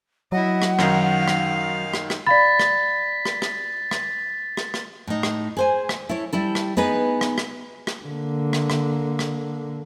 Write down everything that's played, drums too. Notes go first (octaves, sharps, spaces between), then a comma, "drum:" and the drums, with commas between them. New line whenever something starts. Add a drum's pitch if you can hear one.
F#3 E4 D#5 F#5
drum: rim click
F#2 D#3 D#4 F5, drum: rim click
drum: rim click
drum: rim click
drum: rim click
D5 F5 B5 A6 B6
drum: rim click
drum: rim click
drum: rim click
drum: rim click
drum: rim click
drum: rim click
A2 D#4
drum: rim click
G#4 C5 G#5
drum: rim click
E4 A4 C#5
G3 E4 A4
drum: rim click
B3 D#4 G#4 B4
drum: rim click
drum: rim click
drum: rim click
D3 A#3
drum: rim click
drum: rim click
drum: rim click